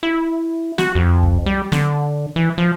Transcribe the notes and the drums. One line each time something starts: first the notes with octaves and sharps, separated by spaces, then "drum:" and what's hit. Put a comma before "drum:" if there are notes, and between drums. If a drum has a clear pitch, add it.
E4
F#4, drum: snare
F2
drum: kick C2
G3
D3, drum: snare
E3
F3